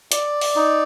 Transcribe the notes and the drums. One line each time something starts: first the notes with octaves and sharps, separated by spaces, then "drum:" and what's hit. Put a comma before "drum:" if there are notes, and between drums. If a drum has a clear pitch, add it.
D5, drum: hi-hat
drum: open hi-hat
D#4